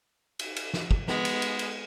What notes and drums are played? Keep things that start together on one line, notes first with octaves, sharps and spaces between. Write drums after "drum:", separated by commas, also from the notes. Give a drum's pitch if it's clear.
drum: cymbal
drum: cymbal
drum: snare
drum: kick
G#3 B3, drum: snare
drum: cymbal
drum: cymbal
drum: cymbal